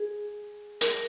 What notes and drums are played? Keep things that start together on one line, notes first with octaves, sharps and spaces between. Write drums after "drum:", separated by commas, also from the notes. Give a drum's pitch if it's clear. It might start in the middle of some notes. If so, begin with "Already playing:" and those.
Already playing: G#4
A#4, drum: hi-hat